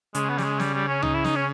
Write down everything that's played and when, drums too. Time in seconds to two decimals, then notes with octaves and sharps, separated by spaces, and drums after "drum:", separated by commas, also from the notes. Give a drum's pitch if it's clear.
0.15 C#3 G#3, drum: hi-hat
0.30 B3
0.38 G3, drum: snare
0.44 G#3
0.60 G3, drum: snare
0.74 G3
0.88 C#4
1.02 D#4, drum: tom C#2
1.14 E4
1.24 D#4, drum: snare
1.36 C#4